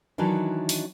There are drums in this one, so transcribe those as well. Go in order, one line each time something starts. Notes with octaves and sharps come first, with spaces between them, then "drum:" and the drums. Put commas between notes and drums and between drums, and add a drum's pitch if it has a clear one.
D#3 E3 F#3 D4 D#4
drum: open hi-hat